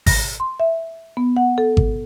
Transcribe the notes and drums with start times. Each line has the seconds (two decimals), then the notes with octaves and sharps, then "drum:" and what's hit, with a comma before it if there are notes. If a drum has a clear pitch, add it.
0.06 A#6, drum: kick G#1, open hi-hat
0.40 C6
0.60 E5
1.17 B3
1.37 F#5
1.58 A4
1.77 drum: kick G#1